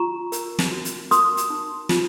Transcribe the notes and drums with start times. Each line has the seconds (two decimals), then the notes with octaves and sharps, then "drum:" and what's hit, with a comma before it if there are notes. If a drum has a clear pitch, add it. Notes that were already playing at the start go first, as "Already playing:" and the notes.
Already playing: F4 A#5 C#6
0.32 A#4, drum: hi-hat
0.59 drum: snare
0.72 F#4
0.85 drum: hi-hat
1.11 A#4 C6 D#6, drum: hi-hat
1.37 drum: hi-hat
1.50 D#4
1.89 F4, drum: snare